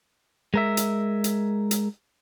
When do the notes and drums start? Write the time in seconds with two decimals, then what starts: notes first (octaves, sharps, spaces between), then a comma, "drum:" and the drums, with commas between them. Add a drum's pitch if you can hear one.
0.54 G#3 A#4 E5
0.77 drum: hi-hat
1.24 drum: hi-hat
1.71 drum: hi-hat